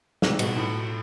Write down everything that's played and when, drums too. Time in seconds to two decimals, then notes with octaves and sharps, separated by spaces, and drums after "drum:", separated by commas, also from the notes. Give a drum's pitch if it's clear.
0.22 C3, drum: snare
0.39 B2, drum: cymbal
0.56 A2